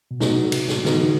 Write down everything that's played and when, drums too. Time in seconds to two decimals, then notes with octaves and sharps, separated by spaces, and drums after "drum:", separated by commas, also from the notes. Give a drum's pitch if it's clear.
0.11 B2
0.20 C3 F#3 B3 D#4, drum: snare
0.52 C3, drum: cymbal
0.68 drum: snare
0.85 D3 F#3 B3 D#4, drum: snare
0.96 E3